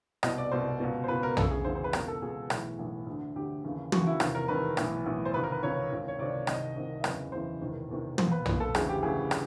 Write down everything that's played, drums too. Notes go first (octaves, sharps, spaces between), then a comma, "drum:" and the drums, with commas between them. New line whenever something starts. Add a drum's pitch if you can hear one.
C2 B2 D#5, drum: rim click
D5
C2 B2 C5
C#2 B2
C5
C#2 B2 B4
A#4
D2 C#3 E3 A4, drum: tom
G#4
D2 C#3 E3 C5
C5
B4
C#2 B2 A#4, drum: rim click
A4
C#2 B2 G#4
B1 A2 E3, drum: rim click
B1 A2 E3
D2 D3
D2 D3 G4
D#2 C#3 E3
D#2 C#3 E3 F#4, drum: tom
E4
F1 E2 C3 D#3 F4, drum: rim click
A#4
F1 E2 C3 D#3 B4
B1 A2 E3, drum: rim click
B1 A2 E3
C5
C#2 C3 D#3 B4
A#4
B4
C#2 C3 D#3 C#5
C#2 C3 D#3
C#5
C#2 C3 D#3 D5
C2 C3 D#3 D#5, drum: rim click
C2 C3 D#3
E5
F#1 E2 C#3 E3 D#5, drum: rim click
F#1 E2 C#3 E3 C5
E1 E2 C3 D#3
E1 E2 C3 D#3
B1 A#2 C5, drum: tom
B4
B1 A#2, drum: tom
A4
D2 C#3 E3 G#4, drum: rim click
G4
D2 C#3 E3 G#4
drum: rim click